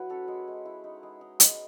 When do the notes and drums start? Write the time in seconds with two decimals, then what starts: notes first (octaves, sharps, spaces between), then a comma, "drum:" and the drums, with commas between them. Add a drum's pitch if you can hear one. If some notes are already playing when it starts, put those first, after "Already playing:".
Already playing: F#3 E4 F#4 B4
0.10 C#4 A4 C#5
0.28 G#3
0.48 G#3
0.65 E4
0.84 D#4
1.03 G#3
1.21 D#4
1.40 G#3, drum: hi-hat